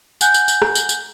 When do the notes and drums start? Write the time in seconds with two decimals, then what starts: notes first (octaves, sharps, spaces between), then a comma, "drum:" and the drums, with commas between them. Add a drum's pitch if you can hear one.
0.21 F#5 G#5 F#6 G6, drum: tambourine
0.34 drum: tambourine
0.48 drum: tambourine
0.62 drum: rim click
0.75 drum: tambourine
0.89 drum: tambourine